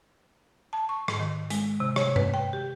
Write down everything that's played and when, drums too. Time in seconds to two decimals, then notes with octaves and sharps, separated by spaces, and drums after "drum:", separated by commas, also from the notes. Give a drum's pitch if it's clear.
0.73 A5
0.89 C#6
1.08 G#2, drum: rim click
1.20 D#3
1.50 G#3, drum: hi-hat
1.80 C3
1.96 C#5, drum: rim click
2.16 B4, drum: tom G2
2.34 G5
2.53 G4